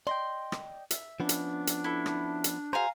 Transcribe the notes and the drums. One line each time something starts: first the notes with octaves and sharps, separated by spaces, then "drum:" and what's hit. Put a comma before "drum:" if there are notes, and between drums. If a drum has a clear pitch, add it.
D5 D#5 G5 C6
drum: rim click
E5, drum: hi-hat
F3 B3 C#4 D4
drum: hi-hat
drum: hi-hat
E4 A4
drum: rim click
drum: hi-hat
F#4 G#4 C5 F5 G#5 A#5